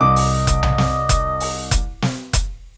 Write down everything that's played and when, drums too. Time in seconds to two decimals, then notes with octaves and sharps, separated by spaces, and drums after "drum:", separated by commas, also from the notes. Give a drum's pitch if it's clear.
0.01 C2 D#5 D6
0.16 drum: open hi-hat
0.47 drum: kick F1, hi-hat
0.63 drum: tom B1
0.78 drum: snare
1.09 drum: kick F1, hi-hat
1.40 drum: open hi-hat
1.71 drum: kick F1, hi-hat
2.02 drum: snare
2.33 drum: kick F1, hi-hat